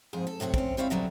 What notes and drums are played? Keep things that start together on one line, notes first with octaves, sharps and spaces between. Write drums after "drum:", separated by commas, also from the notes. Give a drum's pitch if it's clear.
F2 G#2 G#4
A4
A2 C3 F#3 F#4
C4 C#4, drum: kick
G3 C4 E4 C#5 F5
B2 D3 F#3 G3